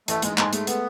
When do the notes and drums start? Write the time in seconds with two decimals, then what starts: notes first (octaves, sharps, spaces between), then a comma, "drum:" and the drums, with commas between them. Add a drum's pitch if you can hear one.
0.08 A1 A3, drum: hi-hat
0.22 G#2 G#3, drum: hi-hat
0.38 G#2 G#3, drum: clap
0.53 G#3 A3, drum: hi-hat
0.67 A3 B3, drum: hi-hat